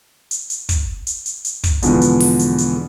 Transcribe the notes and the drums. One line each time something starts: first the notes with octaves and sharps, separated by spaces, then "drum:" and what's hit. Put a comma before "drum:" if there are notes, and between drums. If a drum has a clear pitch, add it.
drum: hi-hat
drum: hi-hat
drum: kick, hi-hat
drum: hi-hat
drum: hi-hat
drum: hi-hat
drum: kick, hi-hat
E2 B2 D3 E3 F3 G#3, drum: hi-hat
drum: hi-hat
drum: open hi-hat
drum: hi-hat
drum: hi-hat